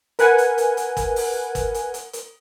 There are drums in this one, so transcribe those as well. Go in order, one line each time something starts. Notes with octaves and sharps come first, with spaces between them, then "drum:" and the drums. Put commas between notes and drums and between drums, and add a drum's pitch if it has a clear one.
A#4 B4 F#5 G#5, drum: hi-hat
drum: hi-hat
drum: hi-hat
drum: hi-hat
drum: kick G1, hi-hat
drum: open hi-hat
drum: kick G1, hi-hat
drum: hi-hat
drum: hi-hat
drum: hi-hat